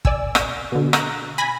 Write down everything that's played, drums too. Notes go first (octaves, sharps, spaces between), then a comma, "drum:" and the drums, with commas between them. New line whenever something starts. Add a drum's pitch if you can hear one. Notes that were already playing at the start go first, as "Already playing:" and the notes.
D5 G#5 E6, drum: kick
drum: rim click
B2 D3
A#5 F#6, drum: rim click
G#5 B5 A#6